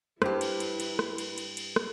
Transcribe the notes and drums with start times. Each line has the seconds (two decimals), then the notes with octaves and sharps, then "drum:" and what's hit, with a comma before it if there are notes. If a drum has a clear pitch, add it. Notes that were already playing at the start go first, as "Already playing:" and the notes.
0.22 G2 E4 G4 B4 C5, drum: rim click
0.41 drum: cymbal
0.60 drum: cymbal
0.80 drum: cymbal
0.99 drum: rim click
1.18 drum: cymbal
1.38 drum: cymbal
1.57 drum: cymbal
1.76 drum: rim click